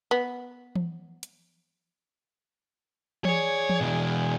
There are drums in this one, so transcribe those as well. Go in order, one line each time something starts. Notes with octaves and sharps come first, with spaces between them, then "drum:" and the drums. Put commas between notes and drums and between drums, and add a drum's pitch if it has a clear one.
B3
drum: tom E3
drum: hi-hat
G#4 C#5 D5, drum: tom E3
drum: tom E3
B2 E3